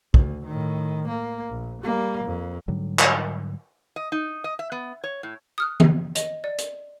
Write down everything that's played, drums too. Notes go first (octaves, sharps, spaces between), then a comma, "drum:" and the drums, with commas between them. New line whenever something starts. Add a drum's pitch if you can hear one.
D2, drum: kick
A2 D#3
A#3
A#1
G3 A#3
F2
G#2 D3 F#3 G3
drum: clap
D#5
D#4
D#5
E5
B3
C#5
A2
D#6 F6 F#6
drum: tom D#3
D#5, drum: hi-hat
D5
drum: hi-hat